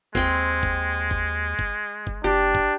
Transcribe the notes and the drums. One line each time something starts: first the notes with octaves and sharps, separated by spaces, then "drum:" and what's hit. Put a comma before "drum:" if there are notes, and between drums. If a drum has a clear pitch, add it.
D#2 G#3 C4 G5, drum: kick G1
drum: kick G1
drum: kick G1
drum: kick G1
drum: kick G1
F#1 D4 G4
drum: kick G1